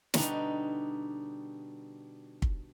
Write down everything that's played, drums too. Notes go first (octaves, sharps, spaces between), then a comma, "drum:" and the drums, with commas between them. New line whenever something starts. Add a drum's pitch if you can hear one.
B2 D3 G3 D4 D#4, drum: snare
drum: kick